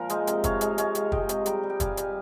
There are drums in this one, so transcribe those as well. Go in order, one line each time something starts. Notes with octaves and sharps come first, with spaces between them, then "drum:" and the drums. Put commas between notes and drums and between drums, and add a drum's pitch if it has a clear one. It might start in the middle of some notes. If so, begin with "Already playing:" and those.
Already playing: A#2 F3 F4 A#4
G#3 C5 D#5, drum: hi-hat
C3, drum: hi-hat
C3 C#5 F5, drum: kick, hi-hat
G#3, drum: hi-hat
G#3 C#5 F5, drum: hi-hat
C3, drum: hi-hat
G#3 D#5 G5, drum: kick
C3, drum: hi-hat
G3 G5 A#5, drum: hi-hat
G3
G5
G3 F5 G#5, drum: kick, hi-hat
G3, drum: hi-hat